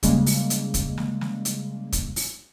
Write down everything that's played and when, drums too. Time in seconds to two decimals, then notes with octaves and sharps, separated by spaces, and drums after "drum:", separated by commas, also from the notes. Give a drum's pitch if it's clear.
0.03 C#3 G3 G#3 A#3, drum: kick, hi-hat
0.26 drum: open hi-hat
0.50 drum: hi-hat
0.74 drum: kick, hi-hat
0.98 drum: snare
1.21 drum: snare
1.45 drum: hi-hat
1.92 drum: kick, hi-hat
2.16 drum: open hi-hat